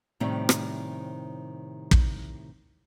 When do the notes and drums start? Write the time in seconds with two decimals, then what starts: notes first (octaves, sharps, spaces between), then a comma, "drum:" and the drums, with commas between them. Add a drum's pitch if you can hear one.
0.20 A2 C3 D#3 G3 C4 C#4
0.49 drum: rim click
1.91 drum: kick